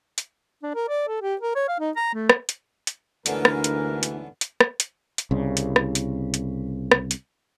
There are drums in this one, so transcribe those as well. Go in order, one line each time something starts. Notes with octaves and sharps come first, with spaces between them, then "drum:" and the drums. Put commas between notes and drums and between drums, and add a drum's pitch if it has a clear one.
drum: hi-hat
D4
A#4
D5
A4
G4
A#4
C#5
F5
D#4
A#5
A3
drum: rim click
drum: hi-hat
drum: hi-hat
D2 G#2 D3 E3 B3 C#4 A#4, drum: hi-hat
drum: rim click
drum: hi-hat
drum: hi-hat
drum: hi-hat
drum: rim click
drum: hi-hat
drum: hi-hat
C2 C#3
drum: hi-hat
drum: rim click
drum: hi-hat
drum: hi-hat
drum: rim click
drum: hi-hat